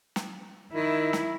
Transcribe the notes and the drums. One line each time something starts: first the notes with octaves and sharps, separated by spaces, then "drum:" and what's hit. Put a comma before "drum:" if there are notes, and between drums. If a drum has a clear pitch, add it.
drum: snare
D#3 E4
drum: snare